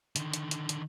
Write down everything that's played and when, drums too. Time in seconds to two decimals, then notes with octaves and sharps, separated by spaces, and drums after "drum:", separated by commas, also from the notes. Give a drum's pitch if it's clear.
0.16 D3 D#3, drum: hi-hat
0.34 drum: hi-hat
0.51 drum: hi-hat
0.69 drum: hi-hat